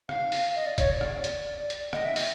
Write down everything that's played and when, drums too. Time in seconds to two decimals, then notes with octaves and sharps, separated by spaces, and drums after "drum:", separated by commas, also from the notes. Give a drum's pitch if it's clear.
0.09 F5, drum: rim click
0.32 drum: open hi-hat
0.56 D#5
0.66 D5
0.78 C#5, drum: kick, hi-hat
0.90 D5
1.01 drum: rim click
1.24 drum: hi-hat
1.70 drum: hi-hat
1.93 D#5, drum: rim click
2.05 E5
2.16 drum: open hi-hat